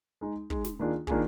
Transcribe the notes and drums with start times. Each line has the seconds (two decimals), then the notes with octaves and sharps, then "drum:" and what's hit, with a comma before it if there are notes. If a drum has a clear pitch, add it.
0.21 G#3 D#4 G#4
0.50 G#3 D#4 G#4, drum: kick
0.65 drum: snare
0.79 D#3 A#3 D4 F4 G#4
1.07 D#3 A#3 D4 F4 G#4, drum: kick